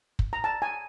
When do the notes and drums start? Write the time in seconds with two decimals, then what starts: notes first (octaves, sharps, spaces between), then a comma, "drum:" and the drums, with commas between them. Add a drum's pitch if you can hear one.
0.19 drum: kick
0.33 A#5
0.44 A5
0.62 G#5